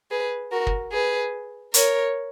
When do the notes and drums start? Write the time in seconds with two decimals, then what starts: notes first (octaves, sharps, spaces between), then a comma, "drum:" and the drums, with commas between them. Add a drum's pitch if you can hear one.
0.11 G#4 B4
0.51 F#4 A#4
0.67 drum: kick
0.92 G#4 B4
1.74 A#4 C#5, drum: hi-hat